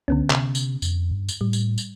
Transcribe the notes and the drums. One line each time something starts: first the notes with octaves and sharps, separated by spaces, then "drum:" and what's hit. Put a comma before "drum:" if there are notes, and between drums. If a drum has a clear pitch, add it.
C#2 D3 B3 C#4
C3, drum: clap
drum: tambourine
F2, drum: tambourine
G2
drum: tambourine
A2 G3
drum: tambourine
drum: tambourine